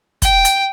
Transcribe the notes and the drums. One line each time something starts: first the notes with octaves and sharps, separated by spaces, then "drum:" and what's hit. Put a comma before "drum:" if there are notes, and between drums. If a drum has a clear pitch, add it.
G5, drum: kick, hi-hat
drum: hi-hat